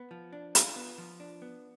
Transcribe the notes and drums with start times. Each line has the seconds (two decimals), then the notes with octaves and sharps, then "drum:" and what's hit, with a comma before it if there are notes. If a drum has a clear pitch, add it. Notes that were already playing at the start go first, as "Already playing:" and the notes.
Already playing: B3
0.11 F3
0.33 D4
0.55 F4, drum: hi-hat
0.76 B3
0.98 F3
1.20 D4
1.42 B3